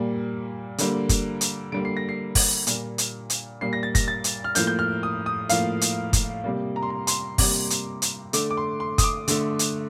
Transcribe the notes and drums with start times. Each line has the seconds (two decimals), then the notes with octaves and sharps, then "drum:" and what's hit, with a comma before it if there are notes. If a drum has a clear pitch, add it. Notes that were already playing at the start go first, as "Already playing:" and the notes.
Already playing: A#2 G3 A#3
0.78 D3 G3 A#3, drum: hi-hat
1.09 drum: kick F#1, hi-hat
1.41 drum: hi-hat
1.72 D3 G3 A#3 D7
1.85 C7
1.97 A#6
2.09 C7
2.35 drum: kick F#1, open hi-hat
2.67 A#2 G3 A#3, drum: hi-hat
2.98 drum: hi-hat
3.30 drum: hi-hat
3.61 A#2 G3 A#3 C7
3.73 A#6
3.83 A6
3.95 A#6, drum: kick F#1, hi-hat
4.08 A6
4.24 drum: hi-hat
4.44 F6
4.55 A2 F3 A#3 G6, drum: hi-hat
4.67 G6
4.79 F6
5.03 D#6
5.26 D#6
5.49 A2 F3 A#3 F5, drum: hi-hat
5.81 drum: hi-hat
6.13 drum: kick F#1, hi-hat
6.44 C3 G3 A#3
6.76 A#5
6.83 C6
6.90 A#5
7.07 C6, drum: hi-hat
7.38 C3 G3 A#3 D6, drum: kick F#1, open hi-hat
7.70 drum: hi-hat
8.02 drum: hi-hat
8.33 D3 A3 D6, drum: hi-hat
8.51 D6
8.57 C6
8.80 C6
8.98 D#6, drum: kick F#1, hi-hat
9.04 D6
9.28 D3 A3, drum: hi-hat
9.59 drum: hi-hat